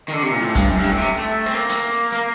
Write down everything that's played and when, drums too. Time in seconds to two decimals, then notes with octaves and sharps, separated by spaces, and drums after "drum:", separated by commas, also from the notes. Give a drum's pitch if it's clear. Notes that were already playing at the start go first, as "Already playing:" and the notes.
0.08 D#3
0.12 D3
0.22 C3
0.31 A#2
0.41 A2
0.55 G2, drum: kick, hi-hat
0.69 F#2
0.79 G2
0.88 A2
0.98 C3
1.17 A3
1.46 C4
1.54 A#3
1.69 drum: hi-hat
2.12 A#3